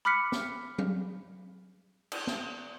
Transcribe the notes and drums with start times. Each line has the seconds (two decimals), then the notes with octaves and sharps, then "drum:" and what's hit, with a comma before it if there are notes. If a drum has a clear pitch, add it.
0.05 B5 D6 F6 F#6 B6 C#7
0.32 drum: snare
0.78 drum: tom F#3
2.12 drum: cymbal
2.27 drum: snare